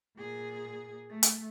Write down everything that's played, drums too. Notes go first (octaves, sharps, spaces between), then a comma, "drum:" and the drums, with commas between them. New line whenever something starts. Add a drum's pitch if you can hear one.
A#2 G#4
A3
drum: hi-hat